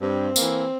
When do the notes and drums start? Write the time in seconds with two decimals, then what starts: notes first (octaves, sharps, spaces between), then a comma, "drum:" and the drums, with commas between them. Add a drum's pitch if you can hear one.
0.01 G2 C4
0.36 E3 A#3, drum: tambourine